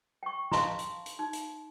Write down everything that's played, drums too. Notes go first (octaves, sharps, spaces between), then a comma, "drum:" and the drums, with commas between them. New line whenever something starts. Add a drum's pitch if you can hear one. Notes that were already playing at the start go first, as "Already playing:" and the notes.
G5 C#6
E5 F5 A5 A#5 C6, drum: snare
drum: hi-hat
drum: hi-hat
D#4
drum: hi-hat